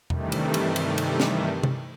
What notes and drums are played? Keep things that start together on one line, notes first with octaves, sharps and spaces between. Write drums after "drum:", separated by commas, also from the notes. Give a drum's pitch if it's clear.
G2 C3 D#3 E3 G3 A3, drum: tom E2
drum: cymbal
drum: cymbal
drum: cymbal
drum: cymbal
drum: snare
drum: tom C3